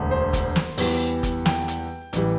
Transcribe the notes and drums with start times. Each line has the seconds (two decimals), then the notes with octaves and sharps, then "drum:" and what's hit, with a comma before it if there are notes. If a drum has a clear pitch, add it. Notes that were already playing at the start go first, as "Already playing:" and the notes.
Already playing: E1 D2 D3
0.11 C5
0.33 drum: kick, hi-hat
0.56 drum: snare
0.78 E2 E3 G3, drum: open hi-hat
1.23 drum: kick, hi-hat
1.46 G5, drum: snare
1.68 drum: hi-hat
2.13 A1 E3 G3, drum: hi-hat